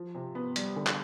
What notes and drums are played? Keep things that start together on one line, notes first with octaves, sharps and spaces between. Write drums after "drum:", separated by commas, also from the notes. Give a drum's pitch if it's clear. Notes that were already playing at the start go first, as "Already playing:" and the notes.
Already playing: F3
C3
B3
G3, drum: hi-hat
D3
drum: clap